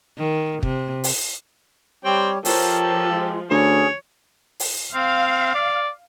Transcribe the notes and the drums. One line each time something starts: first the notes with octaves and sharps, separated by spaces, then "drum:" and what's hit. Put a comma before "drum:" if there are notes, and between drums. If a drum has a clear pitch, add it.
D#3
C3, drum: kick
drum: open hi-hat
G3 C4 G4 C#5 G5
F3 G4 A4 A#4 C#5, drum: open hi-hat
G#3
D2 C#4 G#4 C#5
drum: open hi-hat
C4 F5
D5